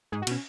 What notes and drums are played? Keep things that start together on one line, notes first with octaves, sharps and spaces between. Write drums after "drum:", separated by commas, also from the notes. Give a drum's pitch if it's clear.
G#2 G#4
F#4
B2 C#4, drum: cymbal